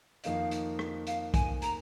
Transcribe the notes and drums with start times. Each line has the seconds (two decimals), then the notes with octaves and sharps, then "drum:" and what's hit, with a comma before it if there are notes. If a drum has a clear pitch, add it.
0.24 F2 D#3 A#3 D#4 F5, drum: hi-hat
0.51 drum: hi-hat
0.79 drum: rim click
1.07 F5, drum: hi-hat
1.34 G#5, drum: kick, hi-hat
1.62 A#5, drum: hi-hat